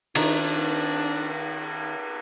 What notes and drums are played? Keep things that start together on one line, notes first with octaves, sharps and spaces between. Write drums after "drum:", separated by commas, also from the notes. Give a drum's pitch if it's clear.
D#3 D4, drum: cymbal